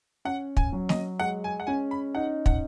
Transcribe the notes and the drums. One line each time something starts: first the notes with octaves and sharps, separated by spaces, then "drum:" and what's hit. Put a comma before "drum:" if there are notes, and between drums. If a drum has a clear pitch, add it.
C#4 F#5
G#5, drum: kick
F#3
D#5, drum: snare
G#3 F#5
G#5
F#5
C#4 G#5
B5
D#4 F#5
F#5, drum: kick